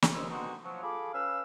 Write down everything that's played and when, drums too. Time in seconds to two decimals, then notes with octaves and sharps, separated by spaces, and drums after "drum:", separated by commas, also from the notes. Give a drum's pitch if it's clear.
0.02 drum: snare
0.14 D#2 C#4 C5 D#5 E6
0.29 B2 D3 G#3 C4 D#4 F#4
0.64 F3 F#3
0.83 F4 G#4 A4 B5 D6
1.13 C#4 B4 F5 G#5 E6